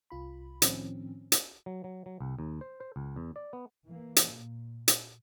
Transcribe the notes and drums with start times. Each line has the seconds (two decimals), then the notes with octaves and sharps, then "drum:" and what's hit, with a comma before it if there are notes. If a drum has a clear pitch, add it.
0.10 C2 F4 B5
0.62 A2 D#3 F3 C4 C#4, drum: hi-hat
1.32 drum: hi-hat
1.66 F#3
1.84 F#3
2.06 F#3
2.20 C2
2.39 D#2
2.61 C5
2.80 C5
2.96 C#2
3.16 E2
3.36 D5
3.53 B3
3.87 E3 A#3
4.16 drum: hi-hat
4.32 A#2
4.88 drum: hi-hat